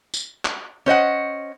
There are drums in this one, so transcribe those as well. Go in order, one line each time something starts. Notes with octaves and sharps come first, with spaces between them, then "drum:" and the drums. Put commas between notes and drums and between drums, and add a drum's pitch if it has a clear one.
drum: tambourine
drum: clap
C#4 C5 D#5 F#5